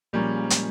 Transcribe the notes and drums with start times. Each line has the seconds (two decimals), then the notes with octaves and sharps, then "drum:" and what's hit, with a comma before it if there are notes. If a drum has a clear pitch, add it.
0.13 A#2 F3 G3 G#3 A#3 C#4
0.50 drum: hi-hat